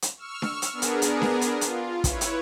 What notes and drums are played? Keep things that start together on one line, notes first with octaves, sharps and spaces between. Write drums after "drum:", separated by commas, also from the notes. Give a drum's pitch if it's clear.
drum: hi-hat
C#6 E6 F6
drum: snare D4
drum: hi-hat
B3 D4 G#4 A#4
drum: hi-hat
drum: hi-hat
drum: snare D4
drum: hi-hat
F4, drum: hi-hat
E4 B4 C#5, drum: kick, hi-hat
drum: hi-hat